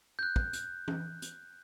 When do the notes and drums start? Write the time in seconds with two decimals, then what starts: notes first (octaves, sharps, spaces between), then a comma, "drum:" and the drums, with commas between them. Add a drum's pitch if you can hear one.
0.19 F#6 G6
0.36 drum: kick
0.53 drum: hi-hat
0.88 drum: tom
1.22 drum: hi-hat